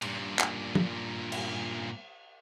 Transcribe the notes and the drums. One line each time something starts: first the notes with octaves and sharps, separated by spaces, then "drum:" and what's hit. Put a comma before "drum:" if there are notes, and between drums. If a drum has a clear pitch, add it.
G2 A#2, drum: cymbal
drum: clap
drum: tom
drum: cymbal